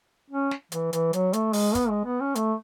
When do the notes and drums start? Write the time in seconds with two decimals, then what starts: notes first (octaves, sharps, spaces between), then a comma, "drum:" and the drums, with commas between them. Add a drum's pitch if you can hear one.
0.30 C#4
0.51 drum: snare
0.72 E3, drum: hi-hat
0.93 E3, drum: hi-hat
1.13 F#3, drum: hi-hat
1.33 A3, drum: hi-hat
1.53 G#3, drum: open hi-hat
1.75 B3, drum: kick, hi-hat
1.89 G#3
2.05 B3
2.20 C#4
2.35 A3, drum: hi-hat